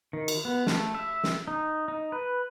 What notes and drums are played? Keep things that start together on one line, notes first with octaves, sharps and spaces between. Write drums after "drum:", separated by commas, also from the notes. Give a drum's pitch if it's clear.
D#3
drum: cymbal
B3
A3, drum: snare
E5
drum: snare
D#4
D#4
B4